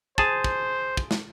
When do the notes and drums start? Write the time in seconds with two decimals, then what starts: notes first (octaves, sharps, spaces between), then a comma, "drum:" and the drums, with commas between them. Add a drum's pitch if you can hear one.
0.18 G#4 C5 A5, drum: kick
0.44 drum: kick
0.97 drum: kick
1.11 drum: snare